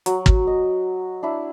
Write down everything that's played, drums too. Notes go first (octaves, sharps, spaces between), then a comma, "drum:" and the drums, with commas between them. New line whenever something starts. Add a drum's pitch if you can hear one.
F#3, drum: hi-hat
drum: kick
D#5
D4 E4